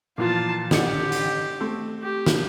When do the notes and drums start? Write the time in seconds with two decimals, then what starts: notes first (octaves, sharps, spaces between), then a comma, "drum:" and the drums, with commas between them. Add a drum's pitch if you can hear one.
0.18 A#2 E3 F3 F4 A5
0.71 A1 D3 G4 C#7, drum: snare
1.12 drum: hi-hat
1.60 A3 C4
2.03 G4
2.26 drum: snare